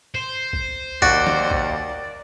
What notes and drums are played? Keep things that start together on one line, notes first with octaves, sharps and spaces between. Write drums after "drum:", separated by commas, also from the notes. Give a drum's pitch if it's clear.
C5
drum: kick A#1
D#2 F#4 D5, drum: kick A#1
drum: snare
drum: kick A#1